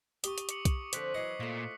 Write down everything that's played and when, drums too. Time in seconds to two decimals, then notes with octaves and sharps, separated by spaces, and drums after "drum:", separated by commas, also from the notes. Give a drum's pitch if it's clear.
0.24 G4 C#6 D#6, drum: hi-hat
0.38 drum: hi-hat
0.49 D6 C#7 F#7, drum: hi-hat
0.65 drum: kick, hi-hat
0.93 D3 F3 C4 F#6 B6 C#7, drum: hi-hat
1.15 E3 F#3 D#5 D6 C7 C#7
1.40 A#2 A3 F4